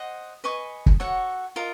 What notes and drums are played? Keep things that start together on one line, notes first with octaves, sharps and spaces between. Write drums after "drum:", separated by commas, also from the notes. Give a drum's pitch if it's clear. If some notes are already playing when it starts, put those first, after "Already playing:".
Already playing: C5 D#5 F#5
B4 D#5 G#5 C#6
drum: kick
F#4 A4 C#5 F#5
F4 A#4 D#5